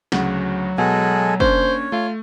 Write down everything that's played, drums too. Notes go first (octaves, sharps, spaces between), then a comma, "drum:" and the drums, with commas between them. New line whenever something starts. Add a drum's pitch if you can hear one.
D2 C#3 F#3 F#5, drum: snare
B2 G#3 A4 F#5 G#5
A#3 C#4 D4 C5 C#5, drum: kick
A3 F4